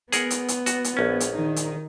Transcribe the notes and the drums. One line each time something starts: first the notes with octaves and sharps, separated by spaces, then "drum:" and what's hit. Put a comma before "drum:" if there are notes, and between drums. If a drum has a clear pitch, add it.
B3 G#4 A#4 F#5, drum: hi-hat
drum: hi-hat
drum: hi-hat
F#4, drum: hi-hat
drum: hi-hat
A#1 C#4
drum: hi-hat
D#3 D#4
drum: hi-hat